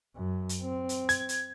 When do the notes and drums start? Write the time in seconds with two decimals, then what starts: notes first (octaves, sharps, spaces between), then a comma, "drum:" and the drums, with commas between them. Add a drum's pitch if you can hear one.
0.16 F#2
0.49 drum: hi-hat
0.62 C4
0.89 drum: hi-hat
1.09 G#6, drum: hi-hat
1.29 drum: hi-hat